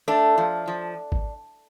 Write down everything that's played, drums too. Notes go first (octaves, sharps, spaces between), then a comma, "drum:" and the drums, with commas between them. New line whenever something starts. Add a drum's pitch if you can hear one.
A3 D4
F3
F3
drum: kick G#1